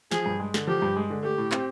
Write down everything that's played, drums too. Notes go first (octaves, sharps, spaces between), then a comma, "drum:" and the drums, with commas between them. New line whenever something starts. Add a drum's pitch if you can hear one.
F3 G#4, drum: snare
G2
G#3
D3, drum: snare
F3 G4
G2
G#3
D3
A3 G4
A2
C4, drum: clap